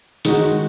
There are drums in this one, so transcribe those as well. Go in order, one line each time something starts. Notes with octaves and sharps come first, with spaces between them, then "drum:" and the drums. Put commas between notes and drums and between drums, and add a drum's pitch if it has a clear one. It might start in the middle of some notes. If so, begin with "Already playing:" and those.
D#3 G#3 D#4 F#4, drum: hi-hat